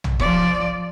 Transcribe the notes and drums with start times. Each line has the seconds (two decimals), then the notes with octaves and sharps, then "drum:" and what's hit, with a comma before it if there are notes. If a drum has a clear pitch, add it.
0.04 drum: tom A#1
0.20 F3 D5, drum: kick D#1